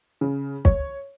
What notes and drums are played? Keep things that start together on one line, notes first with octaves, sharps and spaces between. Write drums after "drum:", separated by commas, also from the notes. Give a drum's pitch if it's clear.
C#3
C#5, drum: kick